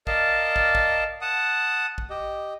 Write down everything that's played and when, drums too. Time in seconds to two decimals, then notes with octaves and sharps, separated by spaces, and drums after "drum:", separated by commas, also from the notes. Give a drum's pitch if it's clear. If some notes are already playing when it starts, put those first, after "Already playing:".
0.07 A#4 D5 D#5 F5 A5, drum: kick
0.56 drum: kick
0.75 drum: kick
1.21 F#5 A5 D#6
1.98 drum: kick
2.10 G4 D#5